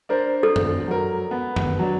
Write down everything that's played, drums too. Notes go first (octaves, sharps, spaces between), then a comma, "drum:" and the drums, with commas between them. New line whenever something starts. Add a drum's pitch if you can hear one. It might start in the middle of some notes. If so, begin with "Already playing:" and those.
D4 A#4 C5
A4
drum: tom F#2
F#3 A#4
B3
drum: tom F#2
F#3 D4